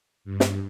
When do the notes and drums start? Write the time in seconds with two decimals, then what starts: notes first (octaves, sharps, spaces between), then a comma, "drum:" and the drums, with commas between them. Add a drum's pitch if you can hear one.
0.25 G2
0.40 drum: snare